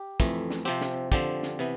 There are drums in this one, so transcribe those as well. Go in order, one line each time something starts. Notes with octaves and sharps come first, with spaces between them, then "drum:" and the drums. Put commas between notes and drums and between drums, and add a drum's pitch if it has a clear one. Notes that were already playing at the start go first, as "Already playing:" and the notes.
Already playing: G4
F2 E3 A3, drum: kick
drum: snare
C3 F3 C4 G4
drum: snare
D3 F3 C4 G4, drum: kick
drum: snare
C3 E3 B3